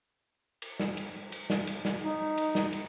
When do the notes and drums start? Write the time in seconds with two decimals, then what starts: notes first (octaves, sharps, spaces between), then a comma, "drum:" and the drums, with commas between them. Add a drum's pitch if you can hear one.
0.62 drum: cymbal
0.80 drum: snare
0.97 drum: cymbal
1.32 drum: cymbal
1.50 drum: snare
1.67 drum: cymbal
1.85 drum: snare
2.02 D#4
2.37 drum: cymbal
2.55 drum: snare
2.73 drum: cymbal